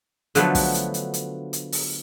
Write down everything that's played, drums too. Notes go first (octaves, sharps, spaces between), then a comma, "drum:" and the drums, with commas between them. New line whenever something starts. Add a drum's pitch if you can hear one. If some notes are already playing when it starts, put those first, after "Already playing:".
D3 F3 F#3 A3 B3, drum: hi-hat
drum: kick, open hi-hat
drum: hi-hat
drum: hi-hat
drum: hi-hat
drum: hi-hat
drum: open hi-hat